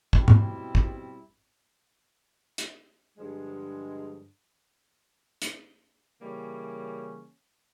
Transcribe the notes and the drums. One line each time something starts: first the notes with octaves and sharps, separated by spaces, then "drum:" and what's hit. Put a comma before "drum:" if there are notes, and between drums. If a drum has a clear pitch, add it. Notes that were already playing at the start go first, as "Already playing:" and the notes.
B2 G3 C4 E4, drum: kick
drum: tom
drum: kick
drum: hi-hat
G2 D3 F3 G#3
drum: hi-hat
C#3 E3 G3 A#3 C#4